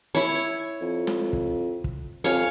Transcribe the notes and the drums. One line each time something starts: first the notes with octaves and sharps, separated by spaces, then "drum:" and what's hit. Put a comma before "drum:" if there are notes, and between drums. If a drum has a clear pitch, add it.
E4 C#5
F2
drum: snare
drum: kick
drum: kick
F2 C#5 F5 G#5